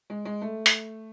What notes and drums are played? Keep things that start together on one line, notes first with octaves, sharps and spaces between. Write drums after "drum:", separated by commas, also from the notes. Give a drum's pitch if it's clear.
G#3
G#3
A3
drum: hi-hat